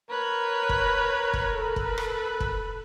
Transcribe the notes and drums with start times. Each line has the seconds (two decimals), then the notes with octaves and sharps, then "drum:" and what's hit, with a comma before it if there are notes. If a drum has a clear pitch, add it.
0.10 A#4 B4 C#5
0.69 drum: kick
1.33 drum: kick
1.55 A4 B4
1.76 drum: kick
1.98 drum: rim click
2.40 drum: kick